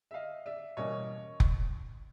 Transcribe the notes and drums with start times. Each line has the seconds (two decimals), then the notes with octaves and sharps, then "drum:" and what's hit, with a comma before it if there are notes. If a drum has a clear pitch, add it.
0.11 E5
0.14 D#5 F5
0.46 D5 E5
0.77 E2 B2 G3 A#3 C#4 C#5 D#5
1.40 drum: kick F1